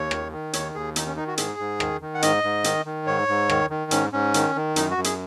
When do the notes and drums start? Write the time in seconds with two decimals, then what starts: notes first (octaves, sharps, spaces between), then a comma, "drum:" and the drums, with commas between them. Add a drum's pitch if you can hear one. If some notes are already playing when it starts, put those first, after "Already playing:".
Already playing: D#2 C#5
0.11 D#3, drum: rim click
0.32 D#3
0.53 D#2 C#5, drum: hi-hat
0.74 D#2 G#4
0.96 D#3 D#4, drum: hi-hat
1.06 C#4
1.17 D#3 D#4
1.27 F#4
1.38 G#2 G#4, drum: hi-hat
1.59 G#2
1.80 D#3, drum: rim click
2.01 D#3
2.15 F#5
2.22 G#2 D#5, drum: hi-hat
2.43 G#2
2.64 D#3, drum: hi-hat
2.85 D#3
3.07 G#2 C#5
3.28 G#2
3.50 D#3, drum: rim click
3.70 D#3
3.91 G#2 C#4, drum: hi-hat
4.13 G#2 C#4
4.34 D#3, drum: hi-hat
4.56 D#3
4.76 F#2 D#4, drum: hi-hat
4.91 F#4
4.97 F#2
5.04 G#4, drum: hi-hat